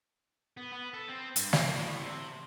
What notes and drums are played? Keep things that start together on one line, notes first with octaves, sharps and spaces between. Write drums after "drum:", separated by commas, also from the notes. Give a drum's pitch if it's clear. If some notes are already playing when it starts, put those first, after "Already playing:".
B3
B3
A4
C4
G2, drum: hi-hat
A#3, drum: snare
A2
C3